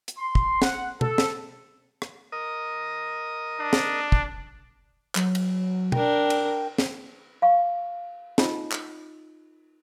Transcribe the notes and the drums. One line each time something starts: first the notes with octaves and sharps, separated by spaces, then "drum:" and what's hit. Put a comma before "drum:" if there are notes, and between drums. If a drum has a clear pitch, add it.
drum: hi-hat
C6
drum: kick
F#5, drum: snare
A4, drum: tom B2
drum: snare
drum: rim click
A#4 D#5 D#6
D4
drum: snare
drum: kick
F#3, drum: clap
drum: cymbal
D4 A#4 G5, drum: tom B2
drum: cymbal
drum: snare
F5 C#6
D#4 F4 D#5, drum: snare
drum: clap